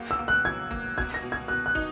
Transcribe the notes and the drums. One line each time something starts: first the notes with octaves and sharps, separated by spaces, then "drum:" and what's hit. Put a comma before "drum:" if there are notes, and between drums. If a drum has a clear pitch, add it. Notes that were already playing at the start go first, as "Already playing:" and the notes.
Already playing: E2 F#3 A#3
E6
A#3
F#6
F#3 G#6
A#3, drum: kick
B2 G#6, drum: kick
A#6
B2
G#6
B2 F#6
F#6
D#4, drum: kick